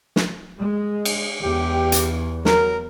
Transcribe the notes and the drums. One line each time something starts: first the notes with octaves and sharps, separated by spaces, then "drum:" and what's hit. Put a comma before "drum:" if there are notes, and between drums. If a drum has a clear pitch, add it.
drum: snare
G#3
drum: cymbal
E2 G4
drum: hi-hat
F#3 A#4, drum: snare